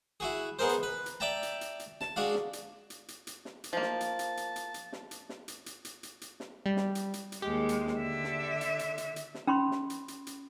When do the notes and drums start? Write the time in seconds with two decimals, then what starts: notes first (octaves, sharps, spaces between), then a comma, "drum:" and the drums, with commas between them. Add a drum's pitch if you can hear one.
0.20 E4 F#4 G#4
0.59 B3 D#4 G#4 A#4 C5
0.69 drum: hi-hat
0.83 B4
1.06 drum: hi-hat
1.20 D5 E5 G5 A5 A#5
1.43 drum: hi-hat
1.61 drum: hi-hat
1.80 drum: hi-hat
2.01 A5, drum: snare
2.16 G#3 D4 F#4 F5
2.35 drum: snare
2.53 drum: hi-hat
2.90 drum: hi-hat
3.08 drum: hi-hat
3.27 drum: hi-hat
3.45 drum: snare
3.64 drum: hi-hat
3.73 F3 A#3 A5
3.82 drum: snare
4.00 drum: hi-hat
4.19 drum: hi-hat
4.37 drum: hi-hat
4.56 drum: hi-hat
4.74 drum: hi-hat
4.93 drum: snare
5.11 drum: hi-hat
5.29 drum: snare
5.48 drum: hi-hat
5.66 drum: hi-hat
5.85 drum: hi-hat
6.03 drum: hi-hat
6.21 drum: hi-hat
6.40 drum: snare
6.66 G3
6.77 drum: snare
6.95 drum: hi-hat
7.14 drum: hi-hat
7.32 drum: hi-hat
7.42 D#2 G#3 G4
7.69 drum: hi-hat
7.87 drum: snare
7.98 D3 E5
8.24 drum: snare
8.61 drum: hi-hat
8.79 drum: hi-hat
8.98 drum: hi-hat
9.16 drum: hi-hat
9.34 drum: snare
9.47 C#4 B5 C6
9.71 drum: snare
9.90 drum: hi-hat
10.08 drum: hi-hat
10.27 drum: hi-hat